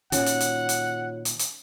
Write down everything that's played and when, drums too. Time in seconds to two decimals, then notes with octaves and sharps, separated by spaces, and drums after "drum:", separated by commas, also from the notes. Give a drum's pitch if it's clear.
0.12 A#2 D#3 C#4 F4 F#4 C#5 F#5, drum: hi-hat
0.26 drum: hi-hat
0.40 drum: hi-hat
0.69 drum: hi-hat
1.25 drum: hi-hat
1.39 drum: hi-hat